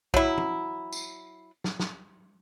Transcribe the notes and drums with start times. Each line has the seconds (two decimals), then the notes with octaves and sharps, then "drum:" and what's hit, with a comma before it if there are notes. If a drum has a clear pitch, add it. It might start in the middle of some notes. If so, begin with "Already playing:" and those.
0.14 F#3 E4, drum: kick B1
0.38 drum: tom
0.93 drum: tambourine
1.64 drum: snare
1.79 drum: snare